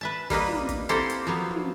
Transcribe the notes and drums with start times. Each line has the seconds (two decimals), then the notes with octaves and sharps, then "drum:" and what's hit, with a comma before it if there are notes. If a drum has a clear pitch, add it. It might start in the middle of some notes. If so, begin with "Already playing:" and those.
0.01 B4 E5 A5
0.30 G3 A#3 B4 D#5, drum: kick, open hi-hat
0.48 drum: tom
0.69 drum: kick, hi-hat
0.89 A#3 C4 E4 G4 A4 C5, drum: hi-hat
1.10 drum: hi-hat
1.27 F3 F#3 B3
1.51 drum: tom